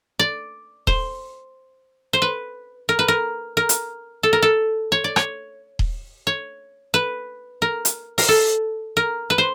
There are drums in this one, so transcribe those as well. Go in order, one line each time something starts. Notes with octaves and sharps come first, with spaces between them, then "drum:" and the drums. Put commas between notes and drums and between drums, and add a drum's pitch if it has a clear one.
D5
C5, drum: kick D#1
C5
B4
A#4
B4
A#4
A#4
drum: hi-hat
A4
A#4
A4
C#5
D5
C#5, drum: rim click
drum: kick D#1
C#5
B4
A#4
drum: hi-hat
A#4, drum: open hi-hat
A4
A#4
B4
C5